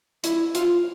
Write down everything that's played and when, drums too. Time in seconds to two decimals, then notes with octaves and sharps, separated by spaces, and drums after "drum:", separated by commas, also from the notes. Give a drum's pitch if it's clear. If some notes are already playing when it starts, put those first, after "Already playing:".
0.24 E4, drum: hi-hat
0.55 F4, drum: hi-hat